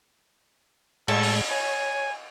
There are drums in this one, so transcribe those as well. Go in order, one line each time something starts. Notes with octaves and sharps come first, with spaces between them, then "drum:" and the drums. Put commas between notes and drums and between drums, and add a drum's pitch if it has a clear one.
A2 G#3 A4, drum: cymbal
drum: open hi-hat
C#5 G#5